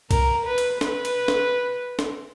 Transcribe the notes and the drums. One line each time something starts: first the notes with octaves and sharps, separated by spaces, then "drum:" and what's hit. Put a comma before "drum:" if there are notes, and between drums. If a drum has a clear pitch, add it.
A#4, drum: kick B1, cymbal
B4
drum: cymbal
B4, drum: snare
drum: cymbal
drum: snare
drum: snare